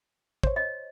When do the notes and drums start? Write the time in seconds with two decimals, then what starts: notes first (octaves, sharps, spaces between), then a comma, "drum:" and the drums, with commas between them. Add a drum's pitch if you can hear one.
0.43 C5 C#5, drum: kick
0.56 D#5